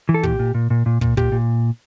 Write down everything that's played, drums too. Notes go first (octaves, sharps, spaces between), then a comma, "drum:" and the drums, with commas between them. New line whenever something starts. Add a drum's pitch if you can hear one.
E3
A4
A#2 G4, drum: kick
A#2
A#2
A#2
A#2
A#2, drum: kick
A#2 G4, drum: kick
A#2